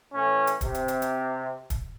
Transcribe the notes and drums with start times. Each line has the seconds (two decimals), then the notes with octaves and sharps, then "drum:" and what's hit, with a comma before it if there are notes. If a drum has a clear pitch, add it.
0.14 A2 E3 C#4
0.47 drum: hi-hat
0.61 C3, drum: kick, hi-hat
0.75 drum: hi-hat
0.88 drum: hi-hat
1.02 drum: hi-hat
1.70 drum: kick, hi-hat